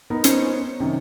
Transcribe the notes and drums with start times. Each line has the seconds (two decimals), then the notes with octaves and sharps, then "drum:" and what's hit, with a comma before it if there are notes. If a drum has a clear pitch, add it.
0.10 B3 D#4 A#4
0.24 C#4 C5 C#7, drum: hi-hat
0.80 F#2 C3 D#3